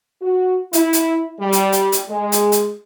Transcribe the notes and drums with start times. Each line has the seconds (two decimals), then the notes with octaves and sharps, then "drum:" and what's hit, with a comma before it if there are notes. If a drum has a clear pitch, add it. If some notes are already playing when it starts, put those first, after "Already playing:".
0.22 F#4
0.73 E4, drum: hi-hat
0.93 drum: hi-hat
1.40 G3
1.52 drum: hi-hat
1.72 drum: hi-hat
1.92 drum: hi-hat
2.09 G#3
2.32 drum: hi-hat
2.52 drum: hi-hat